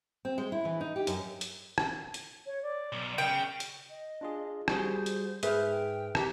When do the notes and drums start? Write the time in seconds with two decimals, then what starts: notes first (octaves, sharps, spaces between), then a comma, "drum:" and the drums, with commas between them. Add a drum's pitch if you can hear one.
0.25 C4
0.38 G#3
0.52 E4
0.65 E3
0.81 D#4
0.96 G4
1.07 F#2, drum: hi-hat
1.41 drum: hi-hat
1.78 drum: rim click
2.14 drum: hi-hat
2.46 C#5
2.62 D5
2.92 B1
3.18 C#3 G5
3.60 drum: hi-hat
3.90 D#5
4.21 D4 F4 G#4
4.68 G3 F#4 G#4 C5, drum: rim click
5.06 drum: hi-hat
5.43 G#2 G#4 B4 C5 E5 F6, drum: hi-hat
5.70 G5
6.15 G4 A#5 B6, drum: rim click